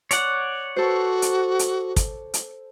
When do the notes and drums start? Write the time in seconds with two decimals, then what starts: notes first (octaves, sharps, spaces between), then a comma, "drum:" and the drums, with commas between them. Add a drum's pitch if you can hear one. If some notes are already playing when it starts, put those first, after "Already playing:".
0.11 C#5 D5 F#5, drum: hi-hat
0.76 F#4 A4 C5
1.22 drum: hi-hat
1.59 drum: hi-hat
1.96 drum: kick, hi-hat
2.34 drum: hi-hat